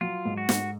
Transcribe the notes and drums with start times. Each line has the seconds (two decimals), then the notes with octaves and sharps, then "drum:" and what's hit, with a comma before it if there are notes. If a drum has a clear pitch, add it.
0.01 F#3 F4
0.25 G#2
0.37 F#4
0.49 G#2, drum: snare